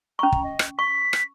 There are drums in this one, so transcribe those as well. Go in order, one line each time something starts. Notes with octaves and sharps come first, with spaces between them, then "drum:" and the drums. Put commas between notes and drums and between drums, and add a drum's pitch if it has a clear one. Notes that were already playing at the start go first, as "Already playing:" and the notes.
C#4 A#5 C#6
drum: kick
D#5
drum: rim click
C#6 B6
drum: rim click